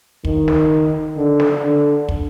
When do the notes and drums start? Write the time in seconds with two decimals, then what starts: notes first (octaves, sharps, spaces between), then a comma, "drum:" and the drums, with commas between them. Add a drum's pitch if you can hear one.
0.25 D#3, drum: kick
0.48 drum: snare
1.17 D3
1.40 drum: snare
1.63 D3
2.09 drum: kick